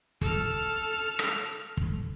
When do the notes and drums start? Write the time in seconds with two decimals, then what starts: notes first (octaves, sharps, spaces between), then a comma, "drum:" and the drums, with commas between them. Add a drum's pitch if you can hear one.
0.21 A4 F6, drum: kick
1.19 drum: rim click
1.77 drum: kick